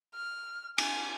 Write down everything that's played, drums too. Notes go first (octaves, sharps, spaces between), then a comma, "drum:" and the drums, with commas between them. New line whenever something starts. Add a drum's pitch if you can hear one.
F6
G#5, drum: cymbal